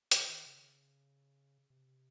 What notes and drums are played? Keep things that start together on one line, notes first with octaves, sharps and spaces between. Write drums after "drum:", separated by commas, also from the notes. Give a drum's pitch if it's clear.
D#3, drum: hi-hat
D#3
C#3
C3